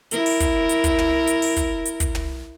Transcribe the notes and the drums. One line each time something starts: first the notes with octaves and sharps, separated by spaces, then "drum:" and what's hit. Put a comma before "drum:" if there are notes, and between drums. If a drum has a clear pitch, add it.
E4 A#4, drum: hi-hat
drum: open hi-hat
drum: kick, hi-hat
drum: hi-hat
drum: kick, hi-hat
drum: tom
drum: hi-hat
drum: open hi-hat
drum: kick, hi-hat
drum: hi-hat
drum: kick, hi-hat
drum: tom